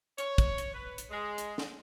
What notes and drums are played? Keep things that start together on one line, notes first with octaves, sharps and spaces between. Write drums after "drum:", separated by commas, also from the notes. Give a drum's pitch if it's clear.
C#5, drum: hi-hat
drum: kick, hi-hat
drum: hi-hat
B4
drum: hi-hat
G#3
drum: hi-hat
drum: snare